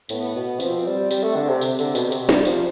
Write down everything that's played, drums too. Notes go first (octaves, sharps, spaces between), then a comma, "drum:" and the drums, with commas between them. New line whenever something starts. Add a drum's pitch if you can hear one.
A2 B3, drum: tambourine
B2
F3 C4, drum: tambourine
G3
G3, drum: tambourine
A3
D3
C3
drum: tambourine
D3, drum: tambourine
B2, drum: tambourine
C3, drum: tambourine
G3, drum: snare
F3, drum: tambourine